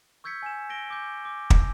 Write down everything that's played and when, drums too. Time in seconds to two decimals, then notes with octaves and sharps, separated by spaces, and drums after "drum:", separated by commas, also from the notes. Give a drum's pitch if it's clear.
0.24 C#6 E6 G6 G#6 B6 C#7
0.43 G#5 E7
0.70 A#6 D7 G7
0.90 D6 G6
1.25 D6
1.50 drum: kick